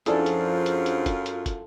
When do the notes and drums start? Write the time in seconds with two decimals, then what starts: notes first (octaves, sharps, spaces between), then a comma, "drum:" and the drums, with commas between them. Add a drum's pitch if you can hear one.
0.06 F#2 F3 D4 E4 F4 G#4 A4 C5, drum: hi-hat
0.26 drum: hi-hat
0.66 drum: hi-hat
0.86 drum: hi-hat
1.06 drum: kick, hi-hat
1.26 drum: hi-hat
1.46 drum: kick, hi-hat